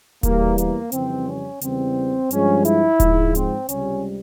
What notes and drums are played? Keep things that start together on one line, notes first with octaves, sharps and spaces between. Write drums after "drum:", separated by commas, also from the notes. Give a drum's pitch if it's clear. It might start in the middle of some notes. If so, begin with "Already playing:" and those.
E2 E3 G3 A#3, drum: kick D#1, hi-hat
A#3, drum: hi-hat
F2 C#3 E3 G3 C4, drum: hi-hat
C#4
E2 C#3 E3 G3 C4, drum: hi-hat
G2 F3 G#3 C#4, drum: hi-hat
E4, drum: hi-hat
G#2 F3 G#3, drum: kick D#1, hi-hat
C4, drum: hi-hat
C#2 C3 G3 C#4, drum: hi-hat